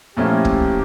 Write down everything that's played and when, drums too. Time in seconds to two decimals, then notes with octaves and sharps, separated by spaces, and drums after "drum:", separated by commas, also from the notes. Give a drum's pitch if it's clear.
0.16 A#2 F3 A3 C#4 E4 G4
0.45 drum: kick